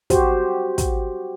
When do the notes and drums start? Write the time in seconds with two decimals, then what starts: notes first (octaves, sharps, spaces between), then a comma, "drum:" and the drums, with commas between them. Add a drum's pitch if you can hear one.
0.10 F#4 G4 C5, drum: kick, hi-hat
0.78 drum: kick, hi-hat